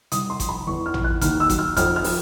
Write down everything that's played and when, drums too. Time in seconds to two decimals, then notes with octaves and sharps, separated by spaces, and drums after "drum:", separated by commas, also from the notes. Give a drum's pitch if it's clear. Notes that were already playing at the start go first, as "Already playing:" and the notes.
0.11 C2 D#6, drum: hi-hat
0.30 C6
0.40 F3, drum: kick G1, hi-hat
0.49 B5
0.67 E2 C#6
0.86 F6
0.94 F3, drum: tom
1.04 F#6
1.21 D#2 F6, drum: kick G1, hi-hat
1.40 E6
1.50 F#3, drum: kick G1, hi-hat
1.58 F6
1.77 F2 F6, drum: kick G1, hi-hat
1.96 F6
2.04 F3, drum: open hi-hat